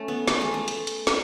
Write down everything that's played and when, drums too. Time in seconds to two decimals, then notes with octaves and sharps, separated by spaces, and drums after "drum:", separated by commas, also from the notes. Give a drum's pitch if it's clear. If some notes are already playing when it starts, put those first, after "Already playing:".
Already playing: A3 C#4
0.08 B3
0.28 A3, drum: snare
0.41 G#3
0.54 A3
0.68 A3, drum: hi-hat
0.87 drum: hi-hat
1.07 drum: snare